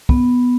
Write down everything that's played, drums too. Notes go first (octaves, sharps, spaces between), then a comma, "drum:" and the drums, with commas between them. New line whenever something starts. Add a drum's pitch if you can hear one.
B3, drum: kick